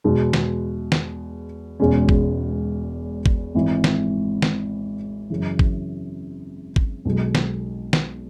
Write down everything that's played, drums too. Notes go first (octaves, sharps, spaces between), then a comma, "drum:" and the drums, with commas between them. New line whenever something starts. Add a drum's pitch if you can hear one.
E2 B2 G#3
drum: snare
drum: snare
E1 E2 B2 G#3 C#4
drum: kick
drum: kick
G#1 G#2 E3
drum: snare
drum: snare
F#2 C#3 E3
drum: kick
drum: kick
B1 B2 G#3
drum: snare
drum: snare